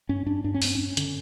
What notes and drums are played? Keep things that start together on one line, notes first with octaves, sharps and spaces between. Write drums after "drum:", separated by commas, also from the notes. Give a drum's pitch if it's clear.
G2 C#4
G2 D4
G2 D4
C#4
G2 C4, drum: open hi-hat
G2 C#4
D3, drum: hi-hat